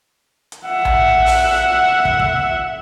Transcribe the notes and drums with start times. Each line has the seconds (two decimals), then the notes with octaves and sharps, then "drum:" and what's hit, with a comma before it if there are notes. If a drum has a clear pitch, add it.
0.52 drum: hi-hat
0.66 E5 F#5
0.85 drum: tom A#1
1.26 drum: open hi-hat
2.05 drum: kick
2.19 drum: kick